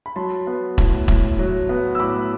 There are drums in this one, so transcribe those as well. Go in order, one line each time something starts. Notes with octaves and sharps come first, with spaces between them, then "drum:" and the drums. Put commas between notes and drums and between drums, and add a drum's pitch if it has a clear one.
B5
F#3 A5 C6
B3
A2, drum: kick E1
A2, drum: kick E1
F#3
B3
E6
A2 B5 D6